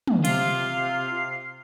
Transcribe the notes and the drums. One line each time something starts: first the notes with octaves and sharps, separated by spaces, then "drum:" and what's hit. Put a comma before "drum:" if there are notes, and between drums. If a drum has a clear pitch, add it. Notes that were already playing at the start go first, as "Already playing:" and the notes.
drum: tom
C3 F4 F5 C7, drum: cymbal